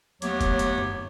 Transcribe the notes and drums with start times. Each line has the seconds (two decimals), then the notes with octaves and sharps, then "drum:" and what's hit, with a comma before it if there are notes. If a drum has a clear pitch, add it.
0.22 D#2 F#3 A3 B3 C#5 D6, drum: hi-hat
0.41 drum: kick F1, hi-hat
0.59 drum: hi-hat
0.78 drum: tom F#2